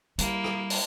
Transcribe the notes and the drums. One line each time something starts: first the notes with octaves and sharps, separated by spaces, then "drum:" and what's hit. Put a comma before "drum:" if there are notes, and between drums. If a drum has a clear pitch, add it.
G3 A#3 E4, drum: hi-hat
drum: rim click
drum: open hi-hat